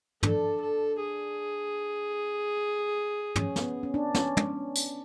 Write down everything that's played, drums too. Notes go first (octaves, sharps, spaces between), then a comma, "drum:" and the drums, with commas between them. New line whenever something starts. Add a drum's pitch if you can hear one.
D4 A4, drum: tom
A4
G#4
C#4, drum: tom
B3, drum: snare
C#4
D4
C#4, drum: snare
drum: tom
drum: tambourine